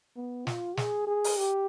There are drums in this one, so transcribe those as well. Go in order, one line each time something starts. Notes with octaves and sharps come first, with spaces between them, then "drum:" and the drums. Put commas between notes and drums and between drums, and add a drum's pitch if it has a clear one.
B3
F4, drum: snare
G#4, drum: snare
G#4
drum: open hi-hat
G4